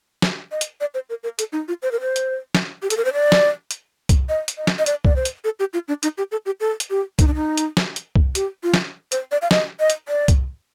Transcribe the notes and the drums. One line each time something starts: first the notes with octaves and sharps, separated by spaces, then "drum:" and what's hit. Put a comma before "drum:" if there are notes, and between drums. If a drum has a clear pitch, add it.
drum: snare
D#5
drum: hi-hat
D5
C5
A#4
A#4
A4, drum: hi-hat
D#4
F4
C5
A#4
C5
drum: hi-hat
drum: snare
G4
A4, drum: hi-hat
A#4
C5
D5
drum: snare
drum: hi-hat
drum: kick C2, hi-hat
D#5
drum: hi-hat
D#5
drum: snare
D#5
D5, drum: hi-hat
D5, drum: kick C2
C5
drum: hi-hat
A4
G4
F4
D4
D#4, drum: hi-hat
G4
A4
G4
A4
drum: hi-hat
G4
D#4, drum: kick C2, hi-hat
D4
D#4
drum: hi-hat
drum: snare
drum: hi-hat
drum: kick C2
G4, drum: hi-hat
F4
drum: snare
C5, drum: hi-hat
D5
F5
D#5, drum: snare
D#5
drum: hi-hat
D5
drum: kick C2, hi-hat